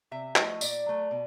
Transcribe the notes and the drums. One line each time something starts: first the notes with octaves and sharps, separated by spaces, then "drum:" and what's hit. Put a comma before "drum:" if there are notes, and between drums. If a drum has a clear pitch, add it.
C3 E5
F3 A3 D#5, drum: clap
A#2 D5, drum: tambourine
F#3 A3
B2